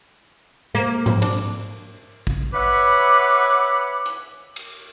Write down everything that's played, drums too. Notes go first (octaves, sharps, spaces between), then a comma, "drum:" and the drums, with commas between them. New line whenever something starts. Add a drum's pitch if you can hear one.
A#3
drum: tom G#2
D4, drum: cymbal
drum: kick
B4 C#5 E5 F#5 B5 D6
drum: hi-hat
drum: cymbal